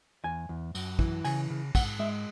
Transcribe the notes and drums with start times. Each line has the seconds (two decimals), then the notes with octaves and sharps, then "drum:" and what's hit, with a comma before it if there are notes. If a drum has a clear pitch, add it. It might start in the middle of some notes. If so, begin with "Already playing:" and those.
0.24 E2 G#5
0.49 E2
0.75 F#2, drum: cymbal
0.99 E3, drum: kick
1.25 C#3 G#5, drum: cymbal
1.50 C#3
1.75 G#2 F#5, drum: kick, cymbal
1.99 G#3 E5